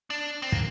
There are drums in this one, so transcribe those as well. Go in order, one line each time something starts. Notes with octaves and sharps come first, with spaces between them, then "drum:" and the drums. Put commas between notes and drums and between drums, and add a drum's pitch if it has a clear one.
D4
C4
A#3, drum: kick